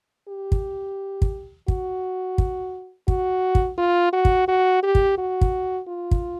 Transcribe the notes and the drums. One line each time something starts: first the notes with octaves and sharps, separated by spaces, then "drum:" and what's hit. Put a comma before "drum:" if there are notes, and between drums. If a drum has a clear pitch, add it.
G4
drum: kick
drum: kick
F#4, drum: kick
drum: kick
F#4, drum: kick
drum: kick
F4
F#4
drum: kick
F#4
G4
drum: kick
F#4
drum: kick
F4
drum: kick